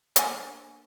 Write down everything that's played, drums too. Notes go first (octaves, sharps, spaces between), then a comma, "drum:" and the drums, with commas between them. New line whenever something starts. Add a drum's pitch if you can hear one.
D3 A#3 G#5, drum: hi-hat